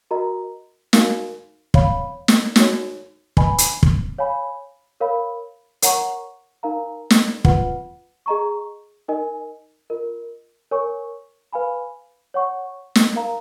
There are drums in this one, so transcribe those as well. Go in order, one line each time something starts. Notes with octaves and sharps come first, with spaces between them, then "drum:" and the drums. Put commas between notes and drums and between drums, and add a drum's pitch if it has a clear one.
F#4 A#4 D#5 A#5
D#4 F#4 A#4 F5, drum: snare
C#5 F5 B5, drum: kick
drum: snare
D#4 F#4 C#5, drum: snare
B4 D#5 G#5 B5, drum: kick
drum: hi-hat
drum: kick
C#5 F5 G#5 B5
A#4 C#5 F5 B5
A#4 C#5 F#5 A#5 C#6, drum: hi-hat
D#4 A#4 F5 A#5
drum: snare
F4 B4 F#5, drum: kick
G#4 D#5 A#5 C#6
D#4 A#4 D#5 G#5
F4 A#4 D#5
A#4 C#5 G#5 C#6
B4 F5 G#5 B5
C#5 F#5 C#6
drum: snare
A#4 F5 A#5